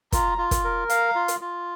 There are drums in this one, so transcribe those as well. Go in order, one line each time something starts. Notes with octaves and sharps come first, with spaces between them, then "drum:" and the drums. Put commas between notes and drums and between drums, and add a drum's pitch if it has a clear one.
F4 A#5, drum: kick, hi-hat
F4
drum: kick, hi-hat
A#4
F5 A#5, drum: hi-hat
F4
drum: hi-hat
F4